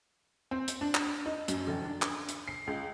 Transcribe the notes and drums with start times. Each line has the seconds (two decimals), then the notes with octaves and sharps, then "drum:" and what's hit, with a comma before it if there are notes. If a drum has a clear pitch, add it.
0.51 C4
0.68 drum: hi-hat
0.81 D4
0.95 drum: clap
1.26 D#4
1.48 F#2, drum: hi-hat
1.67 F1
1.85 D4
2.02 drum: clap
2.29 drum: hi-hat
2.48 C7
2.67 C#2